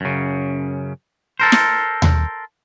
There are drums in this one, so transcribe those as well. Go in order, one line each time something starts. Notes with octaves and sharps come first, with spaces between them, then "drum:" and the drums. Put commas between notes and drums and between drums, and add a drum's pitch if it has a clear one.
F#2 C#3
A4 A#4 C5
drum: snare
drum: tom D#2